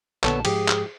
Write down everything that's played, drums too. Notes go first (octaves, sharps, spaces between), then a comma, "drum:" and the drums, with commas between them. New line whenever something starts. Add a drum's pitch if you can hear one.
A#1 D3 B3 A4 C#5 A5, drum: clap
G#2 F3 G4 G#4, drum: cymbal
drum: clap